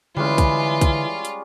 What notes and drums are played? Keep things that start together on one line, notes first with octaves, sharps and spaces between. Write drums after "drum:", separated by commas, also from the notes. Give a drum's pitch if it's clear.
D3 E3 G3 G#3 C#4 F4
drum: kick, hi-hat
drum: kick, hi-hat
drum: hi-hat